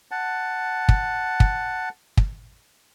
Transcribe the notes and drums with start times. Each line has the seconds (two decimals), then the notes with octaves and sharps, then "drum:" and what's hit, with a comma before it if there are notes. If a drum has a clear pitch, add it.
0.11 F#5 A5
0.89 drum: kick
1.40 drum: kick
2.17 drum: kick